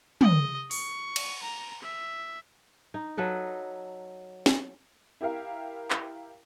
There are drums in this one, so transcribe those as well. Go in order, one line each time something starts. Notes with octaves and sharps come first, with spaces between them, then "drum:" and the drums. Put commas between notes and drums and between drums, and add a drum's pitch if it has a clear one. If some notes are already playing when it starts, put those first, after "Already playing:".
D#5, drum: tom
C#6, drum: open hi-hat
drum: cymbal
A#5
E5
D#4
F#3 A4 B4 D#5
drum: snare
E4 G4 A#4 F5
drum: clap